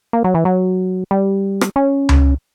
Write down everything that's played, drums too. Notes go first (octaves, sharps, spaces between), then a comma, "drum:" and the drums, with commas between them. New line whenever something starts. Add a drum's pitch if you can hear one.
A#3
F#3
E3
F#3
G3
drum: rim click
C#4
drum: tom C#2